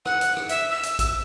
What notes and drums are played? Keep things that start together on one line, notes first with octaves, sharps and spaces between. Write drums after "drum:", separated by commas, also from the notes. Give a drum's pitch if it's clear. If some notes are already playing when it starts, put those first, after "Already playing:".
F#5, drum: rim click
drum: hi-hat
drum: rim click
E5, drum: hi-hat
E6
drum: hi-hat
drum: kick A#1, hi-hat